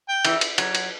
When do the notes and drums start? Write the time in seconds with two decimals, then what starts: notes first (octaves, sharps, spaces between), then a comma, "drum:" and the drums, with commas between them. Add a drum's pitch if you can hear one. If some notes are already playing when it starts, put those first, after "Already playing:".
0.08 G5
0.25 E3, drum: cymbal
0.41 drum: cymbal
0.58 F#3, drum: cymbal
0.75 drum: cymbal